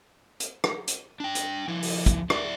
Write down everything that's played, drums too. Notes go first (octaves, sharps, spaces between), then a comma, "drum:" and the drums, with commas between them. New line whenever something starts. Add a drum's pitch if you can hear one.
drum: hi-hat
drum: rim click
drum: hi-hat
D4 G5
drum: hi-hat
F3 E4
drum: open hi-hat
drum: kick, hi-hat
E4 D5, drum: rim click